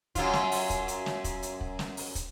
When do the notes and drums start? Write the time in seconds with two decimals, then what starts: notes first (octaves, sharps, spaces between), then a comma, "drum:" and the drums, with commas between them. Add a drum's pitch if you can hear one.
0.15 F#2 F#3 F4, drum: kick, hi-hat
0.33 drum: snare
0.52 drum: open hi-hat
0.70 drum: kick, hi-hat
0.88 drum: hi-hat
1.06 drum: snare
1.24 drum: kick, hi-hat
1.43 drum: hi-hat
1.61 drum: kick
1.79 drum: snare
1.97 drum: open hi-hat
2.15 drum: kick, hi-hat